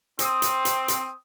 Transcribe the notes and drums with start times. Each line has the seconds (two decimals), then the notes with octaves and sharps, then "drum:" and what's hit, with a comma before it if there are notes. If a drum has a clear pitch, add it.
0.19 C4 D#6, drum: hi-hat
0.42 drum: hi-hat
0.65 drum: hi-hat
0.88 drum: hi-hat